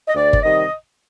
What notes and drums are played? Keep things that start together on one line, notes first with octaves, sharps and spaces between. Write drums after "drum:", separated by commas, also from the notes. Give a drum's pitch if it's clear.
D#5
D2 D5
drum: kick G1
C3 D#3 G3 D#5